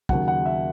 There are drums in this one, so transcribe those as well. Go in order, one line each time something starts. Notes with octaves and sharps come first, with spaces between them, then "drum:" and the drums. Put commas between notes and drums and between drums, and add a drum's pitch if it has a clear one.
D#2 C#3 F#3 F#5, drum: kick
F#5
E5